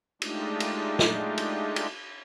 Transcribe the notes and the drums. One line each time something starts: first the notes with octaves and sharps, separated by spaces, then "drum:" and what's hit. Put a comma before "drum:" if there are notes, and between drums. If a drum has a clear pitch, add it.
G#3 A3 D4 D#4 F4 G4, drum: cymbal
drum: cymbal
drum: snare
drum: cymbal
drum: cymbal